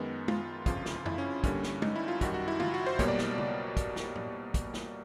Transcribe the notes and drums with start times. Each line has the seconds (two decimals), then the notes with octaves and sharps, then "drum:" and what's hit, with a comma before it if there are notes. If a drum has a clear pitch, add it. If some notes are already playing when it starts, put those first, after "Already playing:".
Already playing: F#2 D#3 G#3 B3
0.28 F4, drum: tom G#3
0.66 G1 F2 C#3 F3 F4, drum: kick, hi-hat
0.86 drum: snare
1.06 E4, drum: tom F2
1.18 C#4
1.44 G2 D3 G3 A#3 C#4, drum: kick, hi-hat
1.63 drum: snare
1.82 D#4, drum: tom G#3
1.96 E4
2.08 F4
2.21 F#2 D#3 G3 F#4, drum: kick, hi-hat
2.34 F#4
2.48 E4
2.60 F4, drum: tom
2.74 F#4
2.86 C5
2.99 B1 B2 G3 A#3 C#5, drum: kick, hi-hat
3.08 D5
3.18 drum: snare
3.38 drum: tom
3.77 drum: kick, hi-hat
3.96 drum: snare
4.15 drum: tom A2
4.54 drum: kick, hi-hat
4.74 drum: snare